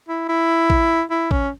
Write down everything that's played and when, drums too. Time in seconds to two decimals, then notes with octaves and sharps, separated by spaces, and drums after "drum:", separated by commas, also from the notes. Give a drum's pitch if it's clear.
0.08 E4
0.29 E4
0.70 drum: kick A1
1.10 E4
1.31 C#4, drum: kick A1